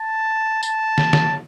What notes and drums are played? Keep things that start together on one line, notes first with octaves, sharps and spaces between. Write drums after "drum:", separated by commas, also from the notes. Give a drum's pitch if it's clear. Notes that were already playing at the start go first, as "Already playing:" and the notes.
Already playing: A5
A5, drum: tambourine
drum: snare
drum: snare